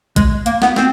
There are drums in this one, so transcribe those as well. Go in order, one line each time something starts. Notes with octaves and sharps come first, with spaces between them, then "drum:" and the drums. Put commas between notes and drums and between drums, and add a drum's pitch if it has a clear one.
G#3, drum: kick, hi-hat
A#3, drum: hi-hat
B3, drum: snare
C4, drum: snare